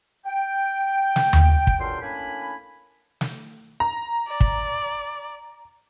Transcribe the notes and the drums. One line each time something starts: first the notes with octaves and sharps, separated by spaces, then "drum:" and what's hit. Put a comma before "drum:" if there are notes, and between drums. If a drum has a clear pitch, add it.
G5
drum: snare
drum: tom D#2
drum: kick
C#2 F#2 G3 D4 G5 C6
A2 A#3 C#4 D4 G#5 B5
drum: snare
A#5
D5
drum: kick